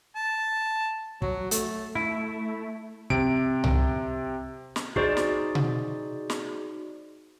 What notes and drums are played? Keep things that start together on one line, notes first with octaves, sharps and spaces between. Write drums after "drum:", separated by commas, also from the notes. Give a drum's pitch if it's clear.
A5
F#3, drum: kick
A3, drum: hi-hat
A3 E4
C3 D7, drum: kick
drum: tom C2
drum: snare
D#4 F#4 G#4 C5 D5, drum: kick
drum: snare
drum: tom B2
drum: snare